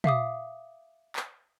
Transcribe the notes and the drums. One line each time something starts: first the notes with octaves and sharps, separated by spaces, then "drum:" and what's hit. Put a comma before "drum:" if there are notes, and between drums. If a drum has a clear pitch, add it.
E5 F5 D6 D#6, drum: tom
drum: clap